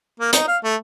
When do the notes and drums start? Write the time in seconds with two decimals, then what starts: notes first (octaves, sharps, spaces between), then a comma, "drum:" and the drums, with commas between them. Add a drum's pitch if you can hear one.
0.20 A#3
0.33 D#4, drum: hi-hat
0.48 F5
0.64 A3